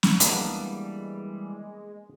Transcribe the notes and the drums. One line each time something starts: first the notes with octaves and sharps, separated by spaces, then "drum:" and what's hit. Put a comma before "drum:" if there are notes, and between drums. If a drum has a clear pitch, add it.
drum: snare
E3 G3 G#3 A#3 B3 D4, drum: hi-hat